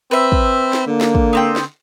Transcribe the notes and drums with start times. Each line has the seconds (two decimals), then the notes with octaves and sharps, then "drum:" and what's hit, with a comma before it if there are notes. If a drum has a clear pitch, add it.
0.11 C4 B4 E5
0.32 drum: kick
0.73 drum: snare
0.87 D3 A#3
1.01 drum: snare
1.15 drum: kick
1.33 B3 C4 G5
1.56 drum: snare